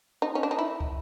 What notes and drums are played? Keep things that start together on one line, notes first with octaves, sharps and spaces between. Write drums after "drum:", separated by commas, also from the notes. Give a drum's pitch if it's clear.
D#4
C#4
D4
D#4
E4
drum: kick